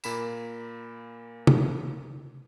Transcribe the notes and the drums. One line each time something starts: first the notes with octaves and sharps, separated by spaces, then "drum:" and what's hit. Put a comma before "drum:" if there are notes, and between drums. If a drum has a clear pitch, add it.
A#2 A#3 B5 B6 E7, drum: tambourine
drum: tom C3